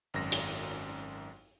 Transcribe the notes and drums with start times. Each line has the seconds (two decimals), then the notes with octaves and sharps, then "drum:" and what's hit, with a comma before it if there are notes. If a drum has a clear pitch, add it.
0.14 G#1 F#2 A#6
0.32 drum: hi-hat